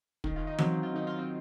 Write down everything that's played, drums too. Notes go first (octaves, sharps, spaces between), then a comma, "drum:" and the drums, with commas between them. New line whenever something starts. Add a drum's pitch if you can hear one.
D#3 D#4, drum: kick
F4
D#4
F#3 C4 F4, drum: tom E3
D#4
F4
D#3 D#4
F4
C4 D#4